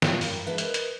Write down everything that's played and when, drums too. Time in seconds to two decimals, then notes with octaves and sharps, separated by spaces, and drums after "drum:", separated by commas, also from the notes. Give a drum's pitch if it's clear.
0.02 G2 A#2 E3 F3, drum: snare
0.21 F#2 G3 G4 A#5, drum: open hi-hat
0.46 G#3 D4 B4 E5
0.58 A#4 B4 D#5, drum: hi-hat
0.74 drum: hi-hat